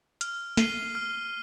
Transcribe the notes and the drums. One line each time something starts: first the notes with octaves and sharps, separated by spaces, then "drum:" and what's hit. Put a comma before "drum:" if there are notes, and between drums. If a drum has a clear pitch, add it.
F6, drum: hi-hat
C7 D#7 G7, drum: snare
F6